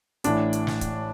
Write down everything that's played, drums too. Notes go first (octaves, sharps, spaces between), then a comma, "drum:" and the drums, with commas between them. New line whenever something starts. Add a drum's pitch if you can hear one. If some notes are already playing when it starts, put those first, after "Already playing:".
A1 A2 E3 D4, drum: hi-hat
drum: hi-hat
drum: snare
drum: kick, hi-hat